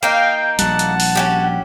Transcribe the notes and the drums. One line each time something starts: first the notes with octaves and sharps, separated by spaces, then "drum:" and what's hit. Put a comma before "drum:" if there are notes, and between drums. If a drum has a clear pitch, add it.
A#3 D#4 F5 G5
A#1 G3 F#5 A5, drum: hi-hat
drum: hi-hat
drum: open hi-hat
C#4 F#4 G4